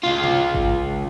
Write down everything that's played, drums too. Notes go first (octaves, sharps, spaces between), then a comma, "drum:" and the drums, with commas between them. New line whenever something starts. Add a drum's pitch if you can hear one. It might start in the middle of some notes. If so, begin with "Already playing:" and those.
C#2 F4
drum: tom C3
drum: kick G#1